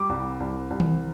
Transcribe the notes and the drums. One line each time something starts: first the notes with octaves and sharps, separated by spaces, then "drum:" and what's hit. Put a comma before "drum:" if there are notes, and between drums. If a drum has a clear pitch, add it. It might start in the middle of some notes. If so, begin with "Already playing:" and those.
Already playing: G3 D6
C2
C2
C2
drum: tom D#3